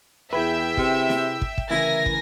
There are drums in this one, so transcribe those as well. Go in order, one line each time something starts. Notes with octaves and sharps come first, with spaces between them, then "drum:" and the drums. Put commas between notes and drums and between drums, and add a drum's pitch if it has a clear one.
E2 E4 G#4 B4 E5 G5 E6
C3, drum: kick
drum: snare
drum: kick
drum: kick
D2 C#3 E3 E4 A#4 G#5 A#6
drum: kick